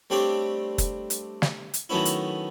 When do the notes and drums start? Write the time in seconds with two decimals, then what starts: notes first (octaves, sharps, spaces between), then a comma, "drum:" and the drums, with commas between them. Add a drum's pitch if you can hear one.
0.10 G3 A3 C4 D4 G4 C#5
0.78 drum: kick, hi-hat
1.10 drum: hi-hat
1.42 drum: snare
1.74 drum: hi-hat
1.89 D#3 F#3 A3 B3 C#4 E4
2.05 drum: hi-hat